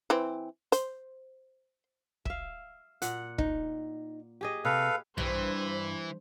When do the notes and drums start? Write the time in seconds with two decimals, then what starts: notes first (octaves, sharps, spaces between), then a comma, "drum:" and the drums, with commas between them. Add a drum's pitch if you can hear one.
0.10 E3 C4
0.72 C5, drum: hi-hat
2.25 E5 F5, drum: kick
3.02 A#2 F#5, drum: hi-hat
3.38 D#4, drum: kick
4.41 G4 G#4 D#5
4.65 C3 A4 B4 F5
5.18 G2 E3 C5, drum: tom A#1